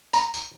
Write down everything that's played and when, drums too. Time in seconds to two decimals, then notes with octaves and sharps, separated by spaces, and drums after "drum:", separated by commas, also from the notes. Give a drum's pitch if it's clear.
0.13 A#5, drum: tambourine
0.34 drum: tambourine